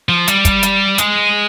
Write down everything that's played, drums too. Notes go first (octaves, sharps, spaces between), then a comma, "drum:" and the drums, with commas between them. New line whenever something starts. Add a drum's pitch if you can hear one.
F3
G3, drum: hi-hat
drum: kick, hi-hat
drum: hi-hat
G#3, drum: hi-hat